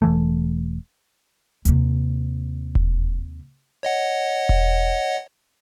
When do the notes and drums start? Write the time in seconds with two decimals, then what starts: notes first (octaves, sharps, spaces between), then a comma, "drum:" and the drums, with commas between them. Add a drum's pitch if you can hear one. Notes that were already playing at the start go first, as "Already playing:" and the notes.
0.02 E1 E3 A3
1.65 D#2 C3, drum: hi-hat
2.75 drum: kick E1
3.83 C#5 D#5 F#5
4.49 drum: kick E1